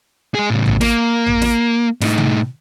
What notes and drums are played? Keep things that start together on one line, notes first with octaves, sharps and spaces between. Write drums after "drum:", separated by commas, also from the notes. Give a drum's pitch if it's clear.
G#3 G#4
A2 C#3
drum: tom A1
A#3, drum: snare
drum: tom A1
drum: snare
A2 D#4, drum: snare
drum: tom C3